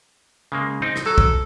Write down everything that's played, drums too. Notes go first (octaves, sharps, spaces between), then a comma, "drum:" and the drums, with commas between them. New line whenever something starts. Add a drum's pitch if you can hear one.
C#3 G#3 A#3
C4 D#4
drum: rim click
F#3 A4
drum: kick